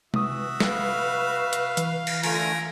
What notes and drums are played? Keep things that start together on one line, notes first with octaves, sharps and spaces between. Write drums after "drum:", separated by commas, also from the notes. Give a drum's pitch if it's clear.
C3 E3 F#4 E5 D#6, drum: tom G#3
B4 F5, drum: snare
drum: hi-hat
E3, drum: hi-hat
drum: cymbal
D3 A3 F4 A#4 G#5 A#5, drum: cymbal